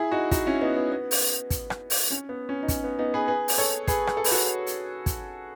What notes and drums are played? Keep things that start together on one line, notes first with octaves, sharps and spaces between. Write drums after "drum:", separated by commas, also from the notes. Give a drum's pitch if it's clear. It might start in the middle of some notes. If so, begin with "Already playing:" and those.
Already playing: E4 G#4
D#4 F#4
D#4 F#4, drum: kick, hi-hat
C#4 E4
B3 D#4
B3
B3
drum: open hi-hat
drum: kick, hi-hat
drum: rim click
drum: open hi-hat
C#4
B3
C#4
D#4
C#4, drum: kick, hi-hat
B3
B3 D#4
G#4 B4
G#4 B4
drum: open hi-hat
A4 C#5
G#4 B4, drum: kick, hi-hat
drum: rim click
A4
B4, drum: open hi-hat
F#4 A4
drum: hi-hat
drum: kick, hi-hat